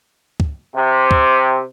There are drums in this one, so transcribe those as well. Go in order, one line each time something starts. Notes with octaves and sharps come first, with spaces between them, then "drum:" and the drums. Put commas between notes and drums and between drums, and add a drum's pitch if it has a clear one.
drum: kick
C3
drum: kick